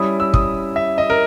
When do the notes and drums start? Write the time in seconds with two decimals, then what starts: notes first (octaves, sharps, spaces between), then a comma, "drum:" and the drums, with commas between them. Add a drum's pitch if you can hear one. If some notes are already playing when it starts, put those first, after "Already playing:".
Already playing: G3 C#4 E4 D#6
0.20 E6
0.34 D#6, drum: kick
0.76 E5
0.98 D#5
1.10 A#4